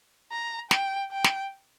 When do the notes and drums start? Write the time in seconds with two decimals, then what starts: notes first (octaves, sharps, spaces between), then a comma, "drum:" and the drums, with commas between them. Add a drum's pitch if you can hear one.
0.32 A#5
0.71 G5, drum: snare
1.12 G5
1.24 drum: snare